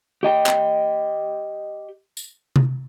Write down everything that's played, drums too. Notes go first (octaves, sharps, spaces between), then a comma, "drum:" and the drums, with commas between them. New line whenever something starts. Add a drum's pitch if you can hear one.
G4 D#5 G5
drum: clap
drum: tambourine
drum: tom C3